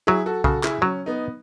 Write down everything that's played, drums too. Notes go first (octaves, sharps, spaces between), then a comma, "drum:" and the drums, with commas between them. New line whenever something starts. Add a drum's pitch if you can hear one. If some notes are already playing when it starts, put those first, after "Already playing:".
F#3 E4 G#4
F#4 A4
C#3 F#4 A4, drum: kick B1
E4 G#4, drum: clap
F#3 C#4
B3 D#4